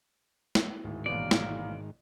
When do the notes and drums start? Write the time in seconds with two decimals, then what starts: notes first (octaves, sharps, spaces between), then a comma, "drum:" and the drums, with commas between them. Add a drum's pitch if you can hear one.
0.55 drum: snare
0.84 D1 G#2 D#3
1.06 A1 B2 A#3 D5
1.31 drum: snare